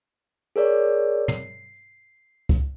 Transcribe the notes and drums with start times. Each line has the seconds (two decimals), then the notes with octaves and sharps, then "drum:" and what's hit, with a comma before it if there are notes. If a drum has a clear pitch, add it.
0.56 G#4 A#4 C#5 D5
1.28 C7, drum: tom
2.49 drum: kick